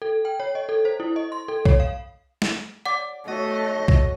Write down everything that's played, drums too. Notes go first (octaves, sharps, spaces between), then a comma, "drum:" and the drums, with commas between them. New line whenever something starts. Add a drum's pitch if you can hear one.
A4
G5
C#5
D#5
A4
C5
E4
D#5
C6
A4
C#5, drum: kick B1
F5
drum: snare
D5 F#5 D6
A3 F#4 C#5 D#5
drum: kick B1